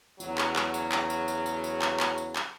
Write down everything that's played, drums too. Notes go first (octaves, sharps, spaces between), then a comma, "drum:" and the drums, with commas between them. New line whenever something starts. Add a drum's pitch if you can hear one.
E2 C#3 F#3, drum: tambourine
drum: clap
drum: clap
drum: tambourine
drum: clap
drum: tambourine
drum: tambourine
drum: tambourine
drum: tambourine
drum: clap
drum: clap
drum: tambourine
drum: clap